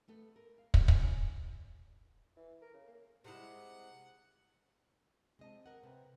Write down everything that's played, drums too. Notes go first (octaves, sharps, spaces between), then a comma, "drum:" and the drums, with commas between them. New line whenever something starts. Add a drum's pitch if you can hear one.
A3 B3 A4
A#4
F5
F#3 G3 A3 C4 D4 F#4, drum: kick
E4 F#4 C#5 G#5, drum: kick
E3
A#4
C#3
A#3
C3 G#3 E4 F#5
C3 G#3 C4 D#5 A5
A#4 F#5
C3 B4 G5 A#5